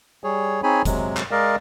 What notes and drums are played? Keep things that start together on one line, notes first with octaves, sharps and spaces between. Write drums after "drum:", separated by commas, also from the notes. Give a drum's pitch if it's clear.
G3 G#4 C#5
C4 D#4 G#4 C#5 G#5 B5
C3 F#3 G#3, drum: kick F1, hi-hat
drum: clap
G#3 A#4 D5 D#5 F5